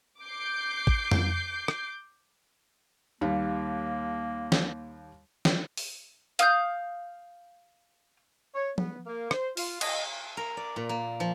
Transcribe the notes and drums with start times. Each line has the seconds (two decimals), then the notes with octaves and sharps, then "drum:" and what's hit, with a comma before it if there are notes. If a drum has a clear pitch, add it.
0.22 D6 G6 C7 D7
0.87 drum: kick
1.11 drum: tom F2
1.68 drum: rim click
3.21 D#2 G3 A#3 F5
4.52 drum: snare
5.45 drum: snare
5.77 drum: open hi-hat
6.39 F5 D#6 G6, drum: hi-hat
8.55 C#5
8.78 B3, drum: tom
9.07 A#3
9.31 C5, drum: rim click
9.57 F4, drum: open hi-hat
9.81 D#5, drum: cymbal
10.37 A#4
10.57 D5
10.76 A#2
10.89 A#3
11.20 F3